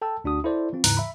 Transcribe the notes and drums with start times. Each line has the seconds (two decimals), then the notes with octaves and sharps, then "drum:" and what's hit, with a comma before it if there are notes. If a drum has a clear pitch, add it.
0.02 A4 G5 A5 E6
0.24 D2 D4 F#4 D#6
0.44 E4 A4 C5 D5
0.73 E3 C4 F4
0.84 D#2 G#2 C#3 E3 A#5 F#6, drum: open hi-hat
0.97 E5 B5